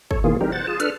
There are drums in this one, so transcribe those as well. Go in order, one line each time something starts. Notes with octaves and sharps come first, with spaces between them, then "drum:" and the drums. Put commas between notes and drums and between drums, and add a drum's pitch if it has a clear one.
A4 C#5, drum: kick
B2 D#3 E3 A#3 F4 G#4
E3 G3 C4 D#4 G4 A#4
C5 F#5 A6
F4 G#4 A5
D4 A4 B4 F6, drum: hi-hat